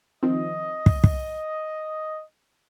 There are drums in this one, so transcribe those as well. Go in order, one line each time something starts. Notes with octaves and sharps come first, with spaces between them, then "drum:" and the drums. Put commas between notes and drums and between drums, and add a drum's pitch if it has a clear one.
D#3 F3 C4 D#5
drum: kick
drum: kick